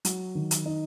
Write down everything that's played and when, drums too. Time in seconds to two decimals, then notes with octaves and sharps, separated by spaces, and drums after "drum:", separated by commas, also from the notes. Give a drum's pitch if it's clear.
0.05 F#3, drum: hi-hat
0.35 D#3
0.51 drum: hi-hat
0.66 D#4